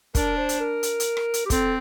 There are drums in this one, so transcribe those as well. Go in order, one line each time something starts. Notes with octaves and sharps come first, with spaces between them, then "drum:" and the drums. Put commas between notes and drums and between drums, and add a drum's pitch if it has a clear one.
D4 A#4, drum: kick, hi-hat
C5
drum: hi-hat
A#4
drum: hi-hat
drum: hi-hat
drum: rim click
drum: hi-hat
G4
C4 A4, drum: kick, hi-hat